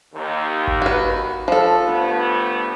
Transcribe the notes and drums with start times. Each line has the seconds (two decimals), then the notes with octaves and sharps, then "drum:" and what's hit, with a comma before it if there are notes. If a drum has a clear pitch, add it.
0.15 D#2
0.67 drum: kick G#1
0.82 F#4 B4
1.48 F3 A4
1.85 G2 A3 B3